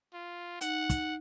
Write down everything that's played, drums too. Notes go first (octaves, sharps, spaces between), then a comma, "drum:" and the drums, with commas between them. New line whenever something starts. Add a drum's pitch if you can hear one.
F4
D#4 F#5, drum: hi-hat
drum: kick, hi-hat